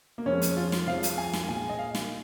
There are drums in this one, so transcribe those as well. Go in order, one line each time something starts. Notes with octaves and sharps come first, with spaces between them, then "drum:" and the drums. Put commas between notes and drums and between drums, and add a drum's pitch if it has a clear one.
A#3
F2 F3 G#3 C#4
drum: hi-hat
F4
drum: snare
F2 F3 G#3 F5
drum: hi-hat
G#5
drum: snare
A#2 G#3 G#5
D#5
F5
drum: snare